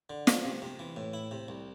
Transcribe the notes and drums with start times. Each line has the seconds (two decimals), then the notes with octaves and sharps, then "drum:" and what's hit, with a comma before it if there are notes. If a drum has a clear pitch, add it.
0.10 D3
0.27 F3, drum: snare
0.45 C3
0.62 C3
0.79 E3
0.96 A2
1.13 E4
1.31 C3
1.48 C2